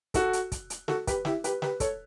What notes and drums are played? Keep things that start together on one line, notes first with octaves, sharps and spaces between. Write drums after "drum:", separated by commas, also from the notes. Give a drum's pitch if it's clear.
F#4 A4, drum: kick, hi-hat
drum: hi-hat
drum: kick, hi-hat
drum: hi-hat
F#4 A4, drum: snare
G4 B4, drum: kick, hi-hat
E4 G4, drum: snare
G4 B4, drum: hi-hat
G4 B4, drum: snare
A4 C#5, drum: kick, hi-hat